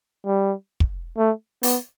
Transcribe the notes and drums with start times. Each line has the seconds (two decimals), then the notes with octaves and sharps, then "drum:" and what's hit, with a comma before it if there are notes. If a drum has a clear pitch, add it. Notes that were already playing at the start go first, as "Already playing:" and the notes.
0.26 G3
0.80 drum: kick
1.18 A3
1.63 B3, drum: open hi-hat